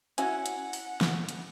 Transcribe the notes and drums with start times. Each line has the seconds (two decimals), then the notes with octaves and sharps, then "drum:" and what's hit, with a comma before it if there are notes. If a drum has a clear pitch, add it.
0.18 C#4 E4 F#4 F#5 G#5, drum: hi-hat
0.46 drum: hi-hat
0.73 drum: open hi-hat
1.01 drum: snare
1.29 drum: hi-hat